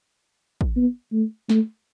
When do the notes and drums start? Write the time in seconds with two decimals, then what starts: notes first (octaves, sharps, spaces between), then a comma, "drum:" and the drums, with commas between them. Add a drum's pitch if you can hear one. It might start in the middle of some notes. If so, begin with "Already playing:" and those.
0.61 drum: kick
0.76 B3
1.12 A3
1.49 A3, drum: snare